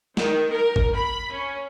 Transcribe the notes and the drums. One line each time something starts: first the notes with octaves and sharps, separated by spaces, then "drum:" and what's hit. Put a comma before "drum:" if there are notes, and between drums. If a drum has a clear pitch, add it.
D#3, drum: snare
A#4
drum: kick G1
B5
C#4